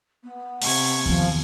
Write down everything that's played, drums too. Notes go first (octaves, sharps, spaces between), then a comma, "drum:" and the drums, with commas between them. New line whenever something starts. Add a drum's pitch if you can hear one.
B3
C3 C#6 G#6, drum: open hi-hat
E2 D#3 F3